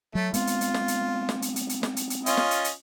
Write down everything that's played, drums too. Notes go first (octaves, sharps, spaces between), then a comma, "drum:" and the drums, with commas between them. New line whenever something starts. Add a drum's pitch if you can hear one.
F#3 A3
G#3 B3 C4 F4, drum: hi-hat
drum: hi-hat
drum: hi-hat
drum: snare
drum: hi-hat
drum: snare
drum: hi-hat
drum: hi-hat
drum: hi-hat
drum: snare
drum: hi-hat
drum: hi-hat
C#4 F4 D#5, drum: hi-hat
drum: snare
drum: hi-hat
drum: hi-hat